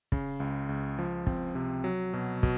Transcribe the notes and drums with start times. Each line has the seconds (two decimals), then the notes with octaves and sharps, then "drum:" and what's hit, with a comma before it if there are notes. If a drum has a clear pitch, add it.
0.12 C#3, drum: kick
0.40 C#2
0.69 C#2
0.99 F3
1.27 C4, drum: kick
1.55 C3
1.84 F#3
2.13 B2
2.43 B2, drum: kick